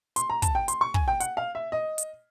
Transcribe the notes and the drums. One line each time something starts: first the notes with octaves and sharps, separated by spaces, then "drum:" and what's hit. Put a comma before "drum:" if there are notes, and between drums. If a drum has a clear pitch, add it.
C6, drum: hi-hat
A#5
A5, drum: kick, hi-hat
G5
C6, drum: hi-hat
C#6
G#5, drum: kick
G5
F#5, drum: hi-hat
F5
E5
D#5
drum: hi-hat